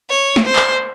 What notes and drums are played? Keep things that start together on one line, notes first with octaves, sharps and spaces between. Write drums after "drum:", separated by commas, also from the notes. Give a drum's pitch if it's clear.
C#5
drum: snare
C5
drum: clap